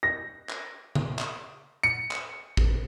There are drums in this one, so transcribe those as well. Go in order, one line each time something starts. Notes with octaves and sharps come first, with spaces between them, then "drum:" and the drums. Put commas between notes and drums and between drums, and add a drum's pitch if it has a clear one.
A#6
drum: clap
drum: tom C#3
drum: clap
C#7
drum: clap
drum: kick